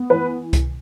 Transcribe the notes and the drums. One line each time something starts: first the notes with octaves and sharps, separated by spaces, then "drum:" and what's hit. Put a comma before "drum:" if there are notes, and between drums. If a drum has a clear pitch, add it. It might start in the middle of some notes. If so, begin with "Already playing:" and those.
Already playing: B3
E3 B4
drum: kick C2, hi-hat